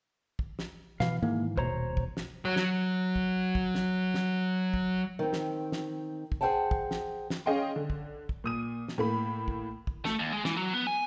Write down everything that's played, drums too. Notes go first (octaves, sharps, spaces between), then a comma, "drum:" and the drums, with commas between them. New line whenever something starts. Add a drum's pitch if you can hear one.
drum: kick
drum: snare
B2 E3 F5, drum: snare
G#2 D#3 E3 A#3
D#1 B2 C5 C#5 A#5, drum: kick
drum: kick
drum: snare
F#3 C#5
drum: snare
drum: kick
drum: kick
drum: snare
drum: snare
drum: kick
D#3 C4
drum: snare
drum: snare
drum: kick
G#4 A4 C5 F#5 G5 A5
drum: kick
drum: snare
drum: snare
C#4 G#4 D#5 F5 G5 C6
D3
drum: kick
drum: kick
A#2 D#6 D#7
drum: snare
A2 A#3 B5
drum: kick
drum: kick
A3, drum: snare
D#2
G#3
E3, drum: snare
F#3
B3
G#5